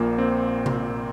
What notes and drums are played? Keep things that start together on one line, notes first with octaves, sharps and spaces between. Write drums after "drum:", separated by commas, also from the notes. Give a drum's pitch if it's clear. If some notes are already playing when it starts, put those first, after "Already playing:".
Already playing: A#1 A#2 A#3
C4
drum: tom C3